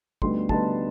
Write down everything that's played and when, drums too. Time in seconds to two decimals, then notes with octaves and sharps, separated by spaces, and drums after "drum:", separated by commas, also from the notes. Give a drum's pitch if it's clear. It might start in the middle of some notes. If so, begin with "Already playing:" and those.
0.22 D2 D3 G3 B3 D#4 C6, drum: kick
0.49 D2 D3 G3 B3 D#4 A5, drum: kick